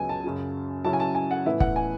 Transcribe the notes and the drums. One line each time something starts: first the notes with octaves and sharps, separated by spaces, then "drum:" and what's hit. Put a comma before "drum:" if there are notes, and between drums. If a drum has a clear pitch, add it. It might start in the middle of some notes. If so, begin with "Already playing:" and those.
Already playing: C#2 C#3 F#3 B3 G#5
A5
F#2 C#3 F#3
C#3 F#3 C#4 E4 A5
G#5
A5
G#5
F#5
A2 E3 B3 E4 E5
F#5, drum: kick
G#5